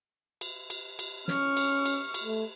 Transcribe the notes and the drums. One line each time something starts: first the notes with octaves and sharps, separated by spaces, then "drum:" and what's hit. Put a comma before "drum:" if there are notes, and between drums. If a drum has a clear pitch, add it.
drum: cymbal
drum: cymbal
drum: cymbal
C#4 C#6 F6, drum: snare
drum: cymbal
drum: cymbal
drum: cymbal
A3